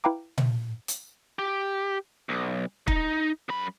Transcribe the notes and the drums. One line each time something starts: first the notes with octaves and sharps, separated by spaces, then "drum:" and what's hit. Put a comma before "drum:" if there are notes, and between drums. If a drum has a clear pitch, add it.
E4 B4 F5 G5 A#5 D6
drum: tom A#2
drum: hi-hat
G4
B1
D#4, drum: kick
F#2 B5